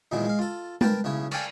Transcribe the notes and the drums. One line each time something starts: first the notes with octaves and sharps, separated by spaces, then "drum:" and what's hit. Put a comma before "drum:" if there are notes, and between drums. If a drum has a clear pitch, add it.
E2 A#2 D#3 F#3 G#3 E4
G#3 F5
F4 A4
A#4 B4 G5 A5, drum: tom G#3
B1 C#3 E4 C#5
A4 C#5 D5 F5 G5 G#5, drum: cymbal